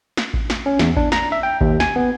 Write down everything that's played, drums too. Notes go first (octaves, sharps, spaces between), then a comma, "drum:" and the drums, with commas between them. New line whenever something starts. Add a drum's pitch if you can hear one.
drum: snare
drum: kick A1
drum: snare
C#4
E2, drum: snare
D4, drum: kick A1
A#5, drum: snare
E5
G5
D#2, drum: kick A1
G#5, drum: snare
B3